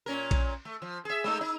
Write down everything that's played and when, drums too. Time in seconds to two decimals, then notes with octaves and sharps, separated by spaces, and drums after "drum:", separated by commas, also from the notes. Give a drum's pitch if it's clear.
0.06 A#2 C#4 A#4
0.31 drum: kick A#1, cymbal
0.65 A3
0.82 F3
1.05 G#4 E5
1.24 G#3 A3 D#4
1.41 D#4